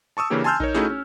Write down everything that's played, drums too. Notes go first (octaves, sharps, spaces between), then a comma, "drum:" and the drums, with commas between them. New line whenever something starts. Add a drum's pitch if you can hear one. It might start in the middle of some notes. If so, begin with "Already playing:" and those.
A5 C#6 D#6 E6
C#3 E3 A#3 C#4 D4 G4
G#5 A5 C6 E6 F6 G6
D#4 A#4 C#5, drum: kick A#1
A3 C#4 D#4 E4 F#4 G#4, drum: snare
C#4